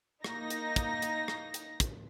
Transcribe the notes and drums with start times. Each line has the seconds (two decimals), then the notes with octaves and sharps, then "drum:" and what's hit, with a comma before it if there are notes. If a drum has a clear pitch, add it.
0.24 A#3 D#4 A#6, drum: rim click
0.50 drum: hi-hat
0.76 drum: kick, hi-hat
1.02 drum: hi-hat
1.28 drum: rim click
1.54 drum: hi-hat
1.80 drum: kick, hi-hat